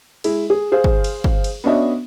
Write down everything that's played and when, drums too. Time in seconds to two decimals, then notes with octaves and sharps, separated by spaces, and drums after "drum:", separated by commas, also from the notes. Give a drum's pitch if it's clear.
0.24 G#3 E4, drum: cymbal
0.50 G#4
0.72 G#4 C5 F5
0.84 drum: kick
1.04 drum: cymbal
1.24 drum: kick
1.44 drum: cymbal
1.64 B3 C#4 D4 F#4 D#5 E5